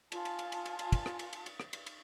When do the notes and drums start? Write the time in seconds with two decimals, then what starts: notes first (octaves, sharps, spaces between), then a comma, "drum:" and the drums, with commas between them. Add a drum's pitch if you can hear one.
0.12 F4 G#5 A5, drum: cymbal
0.25 drum: cymbal
0.39 drum: cymbal
0.52 drum: cymbal
0.66 drum: cymbal
0.79 drum: cymbal
0.92 drum: kick, cymbal
1.06 drum: rim click
1.19 drum: cymbal
1.33 drum: cymbal
1.46 drum: cymbal
1.60 drum: rim click
1.73 drum: cymbal
1.86 drum: cymbal